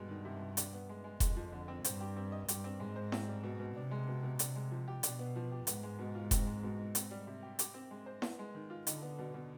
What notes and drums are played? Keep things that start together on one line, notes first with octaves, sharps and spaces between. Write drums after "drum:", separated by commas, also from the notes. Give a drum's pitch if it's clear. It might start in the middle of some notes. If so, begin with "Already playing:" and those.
Already playing: G2 B2 G#3
D#3
C3
C3
D4, drum: hi-hat
B3
G#3
G#3
F2 G#3, drum: kick F1, hi-hat
F3
D3
C4
G2 C5, drum: hi-hat
G4
C4
D#5
G2 G4, drum: hi-hat
C4
G#2 G#3
C5
C4, drum: snare E4
G3
B2
B2
C3 D4
G#3
B2
B2
C3 D4, drum: hi-hat
G#3
F3
G4
B2 D4, drum: hi-hat
B3
F3
G4
G#2 B3, drum: hi-hat
G#3
B2
F4
C4, drum: kick F1, hi-hat
G#3
B2
D#4
C4, drum: hi-hat
G3
C3
G4
G4, drum: hi-hat
C4
G#3
C5
B3, drum: snare E4
G#3
D#3
F4
D3 D#4, drum: hi-hat
B3
B2
B2